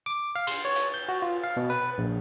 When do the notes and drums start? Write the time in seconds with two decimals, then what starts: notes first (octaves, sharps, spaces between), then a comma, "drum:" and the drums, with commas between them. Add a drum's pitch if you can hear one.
0.06 D6
0.35 F5
0.47 C6, drum: cymbal
0.65 C#5
0.76 drum: hi-hat
0.94 G6
1.09 F#4
1.22 F4
1.43 F5
1.57 B2
1.70 B4
1.98 A#1